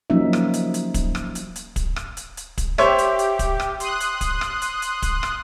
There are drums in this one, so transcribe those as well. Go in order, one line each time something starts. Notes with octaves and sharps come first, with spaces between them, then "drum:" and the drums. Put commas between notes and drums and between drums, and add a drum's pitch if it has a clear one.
F3 F#3 A#3 C#4 D#4 E5
drum: rim click
drum: hi-hat
drum: hi-hat
drum: kick, hi-hat
drum: rim click
drum: hi-hat
drum: hi-hat
drum: kick, hi-hat
drum: rim click
drum: hi-hat
drum: hi-hat
drum: kick, hi-hat
G4 C5 C#5 E5, drum: rim click
drum: hi-hat
drum: hi-hat
drum: kick, hi-hat
drum: rim click
C6 D#6 F#6, drum: hi-hat
drum: hi-hat
drum: kick, hi-hat
drum: rim click
drum: hi-hat
drum: hi-hat
drum: kick, hi-hat
drum: rim click